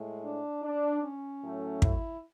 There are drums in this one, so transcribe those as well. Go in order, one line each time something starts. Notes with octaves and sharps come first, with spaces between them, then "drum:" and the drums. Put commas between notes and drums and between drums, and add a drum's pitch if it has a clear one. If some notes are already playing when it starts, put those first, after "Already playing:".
Already playing: A2 G#3
D4
D4
C#4
A2 F#3 A3
E4, drum: kick